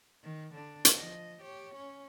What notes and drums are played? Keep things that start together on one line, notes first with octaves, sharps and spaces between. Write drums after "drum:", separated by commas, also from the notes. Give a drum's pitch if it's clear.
D#3
D3 D4
drum: hi-hat
F3 D#5
G4 C#5
C#4